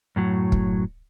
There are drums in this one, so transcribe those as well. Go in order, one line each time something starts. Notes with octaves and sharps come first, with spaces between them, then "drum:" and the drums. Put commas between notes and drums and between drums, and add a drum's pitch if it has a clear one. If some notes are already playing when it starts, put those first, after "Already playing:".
F#2 A2 F#3
drum: kick